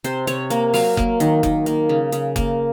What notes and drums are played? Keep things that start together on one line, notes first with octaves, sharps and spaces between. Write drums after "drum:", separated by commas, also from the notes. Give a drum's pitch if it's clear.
C3 C5, drum: hi-hat
C3 C#5, drum: hi-hat
A#3, drum: hi-hat
F#3 F5, drum: open hi-hat
A#3, drum: kick F#1
D#3, drum: hi-hat
D#3, drum: kick F#1, hi-hat
A#3, drum: hi-hat
C#3
C#3, drum: hi-hat
A#3, drum: kick F#1, hi-hat